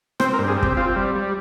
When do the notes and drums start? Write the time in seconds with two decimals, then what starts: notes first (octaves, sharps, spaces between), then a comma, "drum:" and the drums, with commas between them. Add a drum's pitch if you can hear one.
0.20 C4 C5, drum: rim click
0.33 A#4
0.39 G2
0.48 G#4
0.57 C4
0.62 G4, drum: kick
0.77 C4 F4
0.96 G3
1.15 G3